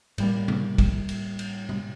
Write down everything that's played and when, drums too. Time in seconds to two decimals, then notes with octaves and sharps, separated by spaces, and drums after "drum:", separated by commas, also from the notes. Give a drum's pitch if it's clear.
0.18 A2 G3 A#3, drum: cymbal
0.48 drum: tom C3
0.78 drum: kick, cymbal
1.09 drum: cymbal
1.39 drum: cymbal
1.69 drum: tom C3